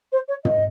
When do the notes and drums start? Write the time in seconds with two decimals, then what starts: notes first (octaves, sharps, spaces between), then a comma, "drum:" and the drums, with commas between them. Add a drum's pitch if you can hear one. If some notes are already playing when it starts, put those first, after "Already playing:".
0.12 C5
0.28 C#5
0.45 D#5, drum: tom